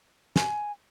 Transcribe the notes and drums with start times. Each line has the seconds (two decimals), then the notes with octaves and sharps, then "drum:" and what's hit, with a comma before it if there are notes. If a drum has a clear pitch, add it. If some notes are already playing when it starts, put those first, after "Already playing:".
0.36 G#5, drum: snare